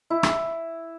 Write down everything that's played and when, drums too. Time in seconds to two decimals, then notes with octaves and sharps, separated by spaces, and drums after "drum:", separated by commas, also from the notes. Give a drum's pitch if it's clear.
0.10 E4
0.23 drum: rim click